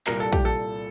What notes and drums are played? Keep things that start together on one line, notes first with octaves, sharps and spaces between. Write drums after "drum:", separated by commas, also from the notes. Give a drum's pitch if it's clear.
C2 A#2 G3 A#4, drum: clap
A4
G4, drum: kick
A4